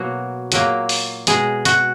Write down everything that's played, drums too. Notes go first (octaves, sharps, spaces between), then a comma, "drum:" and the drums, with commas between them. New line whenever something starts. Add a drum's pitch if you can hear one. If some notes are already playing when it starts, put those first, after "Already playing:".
Already playing: B2 F#3 A#3 F#4
A#2 F#3 A#3, drum: hi-hat
drum: open hi-hat
B2 G#3 G#4, drum: hi-hat
F#4, drum: hi-hat